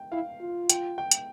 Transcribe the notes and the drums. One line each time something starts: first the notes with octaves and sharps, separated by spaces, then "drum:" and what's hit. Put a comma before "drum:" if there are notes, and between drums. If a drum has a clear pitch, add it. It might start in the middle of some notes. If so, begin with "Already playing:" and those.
Already playing: G5
E4 F5
F4
G5, drum: hi-hat
G5
drum: hi-hat